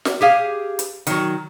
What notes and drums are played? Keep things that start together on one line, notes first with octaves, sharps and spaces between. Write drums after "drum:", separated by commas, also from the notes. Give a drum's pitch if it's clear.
drum: snare
G4 G#4 F5
drum: hi-hat
D#3 F#3, drum: hi-hat